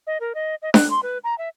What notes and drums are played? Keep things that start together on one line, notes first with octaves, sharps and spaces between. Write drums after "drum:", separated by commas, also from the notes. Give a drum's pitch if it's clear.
D#5
A#4
D#5
D#5
F#6, drum: snare D4
C6
B4
A#5
E5